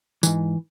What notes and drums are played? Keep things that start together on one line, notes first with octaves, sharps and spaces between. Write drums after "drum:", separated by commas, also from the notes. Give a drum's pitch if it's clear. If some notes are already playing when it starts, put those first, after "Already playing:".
G#2 E3, drum: tambourine